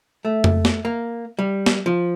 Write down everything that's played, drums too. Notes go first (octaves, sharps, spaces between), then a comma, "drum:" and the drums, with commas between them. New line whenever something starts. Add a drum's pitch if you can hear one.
A3
drum: tom F2
drum: snare
A#3
G3
drum: snare
F3